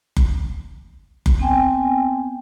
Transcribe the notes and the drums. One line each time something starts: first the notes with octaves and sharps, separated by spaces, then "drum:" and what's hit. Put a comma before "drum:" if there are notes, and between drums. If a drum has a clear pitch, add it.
drum: kick F#1
drum: kick F#1
B3 C4 G5 G#5